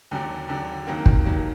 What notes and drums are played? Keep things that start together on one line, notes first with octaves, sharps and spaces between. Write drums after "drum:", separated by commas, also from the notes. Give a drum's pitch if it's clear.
D#2 D3 F#3 D4
D#2 D3 F#3 D4
F2 D#3 F#3 A#3
drum: kick
F2 D#3 F#3 A#3